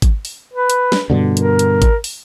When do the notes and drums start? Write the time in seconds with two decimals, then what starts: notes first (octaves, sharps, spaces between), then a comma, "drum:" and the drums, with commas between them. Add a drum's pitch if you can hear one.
0.02 drum: kick G#1, hi-hat
0.25 drum: open hi-hat
0.53 B4
0.70 drum: hi-hat
0.92 drum: snare
1.10 G2 B2 D3
1.37 A#4, drum: hi-hat
1.59 drum: hi-hat
1.82 drum: kick G#1, hi-hat
2.04 drum: open hi-hat